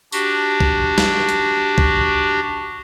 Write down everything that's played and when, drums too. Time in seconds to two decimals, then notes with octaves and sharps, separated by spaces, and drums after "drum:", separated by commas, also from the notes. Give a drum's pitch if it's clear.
0.12 D4 F#4 G4, drum: tambourine
0.60 drum: kick
0.98 drum: snare
1.29 drum: hi-hat
1.78 drum: kick